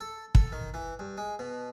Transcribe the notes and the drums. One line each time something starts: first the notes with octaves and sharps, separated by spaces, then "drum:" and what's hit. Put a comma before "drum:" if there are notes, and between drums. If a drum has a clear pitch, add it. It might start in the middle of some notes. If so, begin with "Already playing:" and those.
A4
A4, drum: kick
D#3
E3
G2
G#3
B2